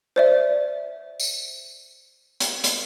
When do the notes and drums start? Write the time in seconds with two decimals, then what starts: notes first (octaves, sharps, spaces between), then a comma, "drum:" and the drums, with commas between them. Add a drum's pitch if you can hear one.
0.16 C5 D5 E5
1.20 drum: tambourine
2.40 drum: hi-hat
2.64 drum: hi-hat